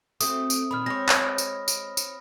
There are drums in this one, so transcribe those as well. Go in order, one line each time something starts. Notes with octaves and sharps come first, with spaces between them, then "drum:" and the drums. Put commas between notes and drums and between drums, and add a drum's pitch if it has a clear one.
A3 C4 F#4 D#6, drum: tambourine
drum: tambourine
A#2 D#3 B5 F6
G#3 C4 C#5 A#6
drum: clap
drum: tambourine
drum: tambourine
drum: tambourine